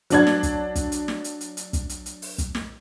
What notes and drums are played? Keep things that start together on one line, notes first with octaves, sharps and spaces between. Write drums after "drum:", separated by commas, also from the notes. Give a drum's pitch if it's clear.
F#3 D4 G#6, drum: hi-hat
drum: snare
drum: kick, hi-hat
drum: kick, hi-hat
drum: hi-hat
drum: snare
drum: hi-hat
drum: hi-hat
drum: hi-hat
drum: kick, hi-hat
drum: hi-hat
drum: hi-hat
drum: open hi-hat
drum: kick, hi-hat
drum: snare